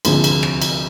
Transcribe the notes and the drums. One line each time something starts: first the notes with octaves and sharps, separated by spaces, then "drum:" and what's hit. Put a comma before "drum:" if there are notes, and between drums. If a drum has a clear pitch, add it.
D2 C3 F3 G#3, drum: cymbal
drum: cymbal
drum: rim click
drum: cymbal